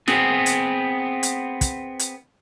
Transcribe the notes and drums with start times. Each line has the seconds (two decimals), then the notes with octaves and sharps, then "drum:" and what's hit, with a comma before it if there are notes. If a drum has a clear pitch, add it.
0.08 B3 C4 G#4, drum: snare
0.46 drum: hi-hat
1.23 drum: hi-hat
1.61 drum: kick, hi-hat
1.99 drum: hi-hat